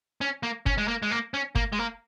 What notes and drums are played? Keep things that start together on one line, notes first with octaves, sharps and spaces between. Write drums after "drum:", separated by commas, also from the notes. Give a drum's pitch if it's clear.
C#4
A#3
C#4, drum: kick
G#3
A#3
G#3
A#3
C#4
A#3, drum: kick
G#3
A#3